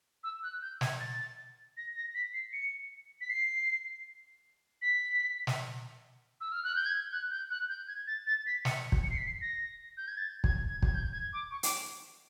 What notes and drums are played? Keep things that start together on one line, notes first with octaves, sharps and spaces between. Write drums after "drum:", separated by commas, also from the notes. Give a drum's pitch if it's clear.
E6
F#6
G6
G#6, drum: snare
A6
A#6
A#6
B6
C7
C#7
B6
C7
B6
drum: snare
E6
F6
F#6
G6
G#6
F#6
G6
F#6
G6
G#6
A6
A6
B6
C#7, drum: snare
drum: kick
C#7
C7
B6
C7
A#6
G6
G#6
A6
G#6, drum: kick
G#6
G#6, drum: kick
G6
G#6
D6
C#6
D6, drum: hi-hat